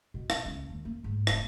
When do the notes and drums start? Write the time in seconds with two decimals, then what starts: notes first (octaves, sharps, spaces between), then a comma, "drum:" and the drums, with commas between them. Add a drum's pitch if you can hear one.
0.14 B2
0.30 F4, drum: rim click
0.45 C#2
0.70 D#2
0.85 A#3
1.04 G#2
1.27 F1, drum: rim click